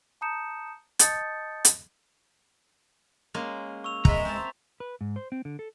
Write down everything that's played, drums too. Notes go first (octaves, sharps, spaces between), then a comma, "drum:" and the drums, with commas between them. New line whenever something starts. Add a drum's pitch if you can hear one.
A5 A#5 D#6 G6 C#7 E7
D#5 A5 D#6 G6 A6 C#7, drum: hi-hat
drum: hi-hat
G#3 A#3 C#4
C#6 E6 F7
G#3 B4 E5 A#5, drum: kick
C4 A5
B4
G#2
C5
C4
D3
A4